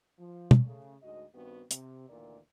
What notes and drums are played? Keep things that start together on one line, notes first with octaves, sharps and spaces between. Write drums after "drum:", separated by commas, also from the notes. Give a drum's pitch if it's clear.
F3
drum: tom
C#3 A3
D2 G#2 F#4 D#5
G2 D#3 B3 C4 F#4
C3, drum: hi-hat
D2 A#2 D#3 E3 A#4 D5